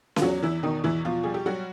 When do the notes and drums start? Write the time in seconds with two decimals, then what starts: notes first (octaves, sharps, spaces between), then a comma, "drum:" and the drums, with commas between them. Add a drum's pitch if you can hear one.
0.16 F4, drum: snare C#4
0.22 E2 F#3 F#4
0.43 E2 E3 E4
0.63 B2 D#3 D#4
0.84 E2 E3 E4
1.05 B2 F3 F4
1.23 G3 G#4
1.34 G4
1.46 F#3 G3 F#4